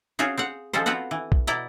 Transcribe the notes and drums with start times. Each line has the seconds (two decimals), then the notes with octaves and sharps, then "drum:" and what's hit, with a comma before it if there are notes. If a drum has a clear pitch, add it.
0.19 C4 C#4 F4 F#4 G#4
0.37 C4 F5 F#5
0.73 F3 G#3 C#4 A4 C5
0.86 B3 C4 F4 F#4 F#5
1.11 E3
1.32 drum: kick A#1
1.47 B2 E4 D5 G5 A#5